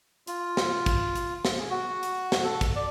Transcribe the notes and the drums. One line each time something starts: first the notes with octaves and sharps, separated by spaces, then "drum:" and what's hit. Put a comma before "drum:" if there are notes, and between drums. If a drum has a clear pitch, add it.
F4, drum: hi-hat
drum: snare
drum: kick, hi-hat
drum: hi-hat
drum: snare
G#4
F#4
drum: hi-hat
drum: snare
A4
drum: kick, hi-hat
D5